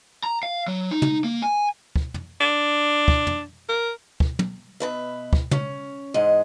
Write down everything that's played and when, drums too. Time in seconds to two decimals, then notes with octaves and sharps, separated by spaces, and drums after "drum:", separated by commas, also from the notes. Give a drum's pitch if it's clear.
0.24 A#5
0.43 F5
0.67 F#3
0.91 D#4
1.02 drum: tom
1.24 A#3
1.42 G#5
1.96 drum: kick
2.14 drum: tom
2.41 D4
3.08 drum: kick
3.27 drum: tom
3.69 A#4
4.20 drum: kick
4.39 drum: tom
4.80 B2 B4 E5
5.33 drum: kick
5.51 C#4, drum: tom
6.14 E2 G#2 G#3 D#5